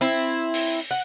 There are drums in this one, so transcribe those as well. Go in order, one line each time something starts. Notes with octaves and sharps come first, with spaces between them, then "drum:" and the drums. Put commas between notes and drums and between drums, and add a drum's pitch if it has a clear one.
C4 E4
drum: open hi-hat
F#5